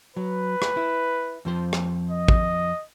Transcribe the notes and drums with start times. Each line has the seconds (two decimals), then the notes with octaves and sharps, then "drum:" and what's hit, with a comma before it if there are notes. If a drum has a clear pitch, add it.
0.16 F#3 B4
0.62 drum: rim click
0.77 E4
1.45 F2 F3 C5
1.73 drum: rim click
2.11 D#5
2.28 drum: kick